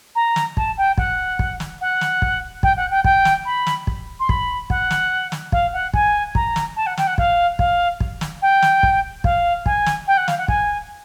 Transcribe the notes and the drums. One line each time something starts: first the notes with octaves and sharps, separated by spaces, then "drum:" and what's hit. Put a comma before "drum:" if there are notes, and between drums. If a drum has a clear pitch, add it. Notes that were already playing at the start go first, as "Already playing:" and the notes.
A#5
drum: snare
A5, drum: kick
G5
F#5, drum: kick
drum: kick
drum: snare
F#5
drum: snare
drum: kick
G5, drum: kick
F#5
G5
G5, drum: kick
drum: snare
B5
drum: snare
drum: kick
C6
B5, drum: kick
F#5, drum: kick
drum: snare
drum: snare
F5, drum: kick
F#5
G#5, drum: kick
A#5, drum: kick
drum: snare
A5
F#5
G5, drum: snare
F#5
F5, drum: kick
F5, drum: kick
drum: kick
drum: snare
G5
drum: snare
drum: kick
F5, drum: kick
G#5, drum: kick
drum: snare
G5
F#5
F5, drum: snare
F#5
G#5, drum: kick